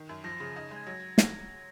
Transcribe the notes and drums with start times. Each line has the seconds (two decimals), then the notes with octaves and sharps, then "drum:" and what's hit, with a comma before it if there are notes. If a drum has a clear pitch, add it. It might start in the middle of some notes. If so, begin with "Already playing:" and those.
Already playing: D#3
0.09 F#2
0.24 F3 A#6
0.40 C#3
0.56 D#4 G#6
0.71 G#3
0.76 G#6
0.87 F#3 A#6
1.18 drum: snare